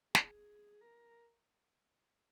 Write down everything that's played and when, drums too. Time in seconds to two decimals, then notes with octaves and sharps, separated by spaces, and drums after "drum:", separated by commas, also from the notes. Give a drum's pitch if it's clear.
0.15 G#4, drum: snare
0.81 A#4